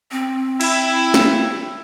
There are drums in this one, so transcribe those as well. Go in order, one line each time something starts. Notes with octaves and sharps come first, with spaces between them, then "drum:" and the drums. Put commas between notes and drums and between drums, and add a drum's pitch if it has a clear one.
C4
E4, drum: cymbal
drum: snare